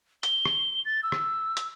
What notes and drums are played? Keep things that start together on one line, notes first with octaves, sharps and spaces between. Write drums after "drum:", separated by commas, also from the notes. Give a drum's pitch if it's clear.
G7, drum: hi-hat
drum: rim click
A6
E6
drum: rim click
drum: hi-hat